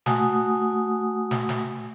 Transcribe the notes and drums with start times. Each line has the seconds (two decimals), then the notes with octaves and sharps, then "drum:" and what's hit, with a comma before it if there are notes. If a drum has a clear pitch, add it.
0.06 A3 F#4 F#5 G#5 D#6, drum: snare
1.31 drum: snare
1.49 drum: snare